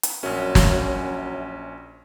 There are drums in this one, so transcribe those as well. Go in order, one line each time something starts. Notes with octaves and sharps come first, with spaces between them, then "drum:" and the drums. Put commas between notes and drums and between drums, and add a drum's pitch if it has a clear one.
drum: hi-hat
A#1 F#2 C#4
drum: snare